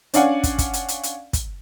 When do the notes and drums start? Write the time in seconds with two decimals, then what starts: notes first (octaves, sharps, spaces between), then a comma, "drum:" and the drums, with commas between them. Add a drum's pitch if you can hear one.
0.14 C#4 D4 D5 F5 F#5 G#5, drum: hi-hat
0.44 drum: kick, hi-hat
0.58 drum: kick, hi-hat
0.73 drum: hi-hat
0.88 drum: hi-hat
1.03 drum: hi-hat
1.33 drum: kick, hi-hat